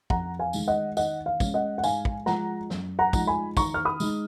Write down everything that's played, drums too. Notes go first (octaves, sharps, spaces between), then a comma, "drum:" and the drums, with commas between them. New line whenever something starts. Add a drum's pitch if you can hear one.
F2 F#5 A#5, drum: kick
F5 G#5
D#3 G#3, drum: tambourine
D#5 F#5
D#3 D#5 F#5, drum: tambourine
F5
G#3 C#4, drum: kick, tambourine
D#5 F#5
F#5
G#2 F5 G#5, drum: tambourine
drum: kick
F3 G#3 F#5 A#5, drum: snare
F#2, drum: snare
F#5 A#5
F3 G#3 D#4, drum: kick, tambourine
G#5 B5
D#3 A#5 C#6, drum: kick, tambourine
F6
B5 D#6
G#3 D#4, drum: tambourine